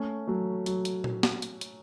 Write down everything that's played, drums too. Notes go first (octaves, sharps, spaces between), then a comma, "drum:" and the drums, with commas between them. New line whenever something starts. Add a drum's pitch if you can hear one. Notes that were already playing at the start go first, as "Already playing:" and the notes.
Already playing: A3 C#4
F#3 A3
F#3, drum: hi-hat
drum: hi-hat
drum: tom A#2
drum: snare
drum: hi-hat
drum: hi-hat